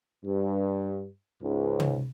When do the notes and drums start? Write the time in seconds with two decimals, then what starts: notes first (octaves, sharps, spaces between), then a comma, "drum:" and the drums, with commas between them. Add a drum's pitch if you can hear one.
0.25 G2
1.42 C#2 G#2
1.80 drum: tom